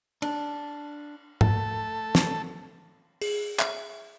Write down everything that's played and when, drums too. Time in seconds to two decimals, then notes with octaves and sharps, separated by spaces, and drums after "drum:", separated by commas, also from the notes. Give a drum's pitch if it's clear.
0.22 D4, drum: cymbal
1.41 A3 A4, drum: tom
2.15 drum: snare
3.22 G#4, drum: open hi-hat
3.59 E5, drum: clap